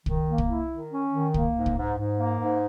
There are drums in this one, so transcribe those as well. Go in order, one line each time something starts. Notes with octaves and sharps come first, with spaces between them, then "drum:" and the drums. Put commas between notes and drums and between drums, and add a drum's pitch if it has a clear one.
D#3, drum: kick
A#3
drum: kick
E4
D#3
C#4
D#3
A#3, drum: kick
G#2
drum: kick
G#2
G#2
A#3
G#2